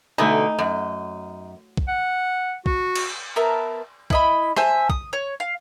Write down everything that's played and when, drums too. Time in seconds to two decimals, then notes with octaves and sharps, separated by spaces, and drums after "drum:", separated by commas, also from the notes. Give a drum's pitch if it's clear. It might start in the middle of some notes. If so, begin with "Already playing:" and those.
0.18 B2 D3 A3 D#4 E5 G#5
0.59 F#2
1.77 drum: kick
1.88 F#5
2.66 F#4, drum: kick
2.96 drum: cymbal
3.36 B3 A#4 E5 A5
4.10 E4 D#5 B5, drum: kick
4.57 C5 E5 G#5 A5, drum: rim click
4.90 D#6, drum: kick
5.13 C#5
5.40 F5